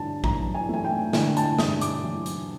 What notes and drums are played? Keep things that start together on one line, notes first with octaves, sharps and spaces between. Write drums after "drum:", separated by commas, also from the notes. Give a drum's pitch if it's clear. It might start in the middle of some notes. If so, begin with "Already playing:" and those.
Already playing: G2 D3 A5
F#3 A#5, drum: kick
G#5
A3 G#5
G5
D3 G#5, drum: snare
A5, drum: hi-hat
G2 D#6, drum: snare
D6, drum: hi-hat
F#3
drum: hi-hat